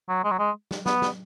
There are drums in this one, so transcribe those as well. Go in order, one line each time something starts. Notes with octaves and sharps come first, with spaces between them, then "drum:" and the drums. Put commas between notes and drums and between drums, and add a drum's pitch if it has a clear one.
F#3
G#3
F#3
G#3
drum: snare
B3, drum: snare
drum: snare